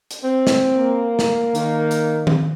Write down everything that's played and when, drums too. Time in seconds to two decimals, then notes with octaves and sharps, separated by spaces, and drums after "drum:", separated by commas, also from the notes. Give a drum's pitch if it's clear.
0.11 drum: hi-hat
0.24 C4
0.47 drum: snare
0.76 A#3
1.19 drum: snare
1.55 D#3, drum: hi-hat
1.91 drum: hi-hat
2.27 drum: tom D#3